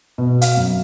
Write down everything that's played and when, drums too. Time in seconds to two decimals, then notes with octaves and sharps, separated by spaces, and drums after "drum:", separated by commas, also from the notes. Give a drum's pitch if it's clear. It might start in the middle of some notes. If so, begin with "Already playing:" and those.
0.18 B2
0.41 F5, drum: hi-hat
0.57 F#2